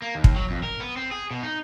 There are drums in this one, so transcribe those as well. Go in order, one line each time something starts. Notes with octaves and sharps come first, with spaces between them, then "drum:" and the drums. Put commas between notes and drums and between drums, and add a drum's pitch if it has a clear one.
A#3
D#2
drum: kick
F#3
F2
A#4
B3
C4
G#4
B2
D#4